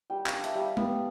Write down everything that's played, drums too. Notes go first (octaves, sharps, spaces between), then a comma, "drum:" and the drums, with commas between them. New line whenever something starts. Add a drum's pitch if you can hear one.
G3 G5
F5, drum: clap
D4
E5, drum: hi-hat
G3 F5
B3, drum: tom G#3